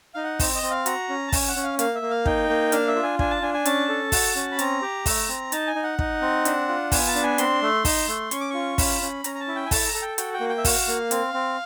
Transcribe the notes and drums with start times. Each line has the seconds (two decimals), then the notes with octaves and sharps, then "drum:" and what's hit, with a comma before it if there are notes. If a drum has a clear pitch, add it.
0.14 D#4 F5
0.24 F#5
0.39 C4, drum: kick, open hi-hat
0.55 D#5
0.63 C4
0.70 F5
0.86 F#4 A#5, drum: hi-hat
1.09 C#4
1.28 A5
1.32 C#4 G#5, drum: kick, open hi-hat
1.48 F#5
1.56 C#4
1.63 F5
1.79 A#3 F5, drum: hi-hat
1.95 E5
2.02 A#3
2.10 F5
2.26 D#4 G5, drum: kick
2.50 A#3
2.72 D4 F5, drum: hi-hat
2.88 E5
2.95 F4
3.03 G#5
3.19 D4 G#5, drum: kick
3.31 A5
3.42 D4 G#5
3.54 G#5
3.65 C#4 A5, drum: hi-hat
3.89 A4
4.12 F#4, drum: kick, open hi-hat
4.36 C#4
4.51 B5
4.59 C4 A#5, drum: hi-hat
4.82 G4
5.06 A3, drum: kick, open hi-hat
5.28 C4
5.52 D#4 A5, drum: hi-hat
5.67 G#5
5.75 D#4
5.83 F#5
5.99 D#4, drum: kick
6.22 C4
6.45 D4, drum: hi-hat
6.69 F4
6.92 B3 G#5, drum: kick, open hi-hat
7.07 A5
7.15 D4
7.23 G#5
7.38 C4 C6, drum: hi-hat
7.62 A3
7.85 D#4, drum: kick, open hi-hat
8.08 A3
8.31 C#4 C#6, drum: hi-hat
8.41 D6
8.50 F4 C#6
8.78 C#4 B5, drum: kick, open hi-hat
9.02 C#4
9.24 C#4 A#5, drum: hi-hat
9.35 A#5
9.40 A5
9.48 E4
9.55 G5
9.66 G#5
9.71 A4 A5, drum: kick, open hi-hat
9.87 A#5
9.94 A4
10.02 G5
10.18 F#4 G5, drum: hi-hat
10.33 G5
10.41 A#3
10.49 G5
10.58 E5
10.65 F#4 F5, drum: kick, open hi-hat
10.88 A#3
11.11 C4, drum: hi-hat
11.34 C4